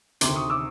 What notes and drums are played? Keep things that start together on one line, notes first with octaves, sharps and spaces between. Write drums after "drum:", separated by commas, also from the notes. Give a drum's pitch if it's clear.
D2 C3 D#3 C6 D6, drum: hi-hat
C#6 D#6
D6 E6